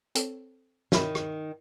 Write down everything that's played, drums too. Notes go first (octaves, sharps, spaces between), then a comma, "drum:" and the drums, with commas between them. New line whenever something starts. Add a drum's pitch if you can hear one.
C4 A4 C#5, drum: hi-hat
D#3 C#5 E5 B5, drum: snare
drum: rim click